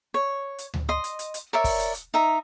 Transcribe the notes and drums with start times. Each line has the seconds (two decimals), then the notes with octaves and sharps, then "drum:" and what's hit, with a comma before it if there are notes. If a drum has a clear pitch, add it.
0.14 C#5
0.58 drum: hi-hat
0.74 drum: tom D2
0.89 D#5 C6
1.04 drum: hi-hat
1.19 drum: hi-hat
1.34 drum: hi-hat
1.53 A#4 C#5 D5 E5
1.64 drum: kick, open hi-hat
1.79 drum: hi-hat
1.95 drum: hi-hat
2.14 D#4 E5 A#5